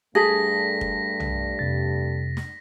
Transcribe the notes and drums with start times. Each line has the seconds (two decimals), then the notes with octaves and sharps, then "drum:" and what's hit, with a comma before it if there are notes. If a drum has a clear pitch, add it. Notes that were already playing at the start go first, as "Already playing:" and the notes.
0.15 G2 G3 A3 G#4 A4 A#6 B6
0.81 drum: kick
1.20 drum: tom
1.59 F2 C3 A6
2.37 drum: snare